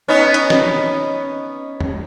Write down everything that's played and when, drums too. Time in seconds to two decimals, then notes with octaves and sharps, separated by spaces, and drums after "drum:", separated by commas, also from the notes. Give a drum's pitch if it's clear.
0.08 B3 C#4 D#4
0.34 drum: hi-hat
0.50 drum: snare
1.80 drum: tom E2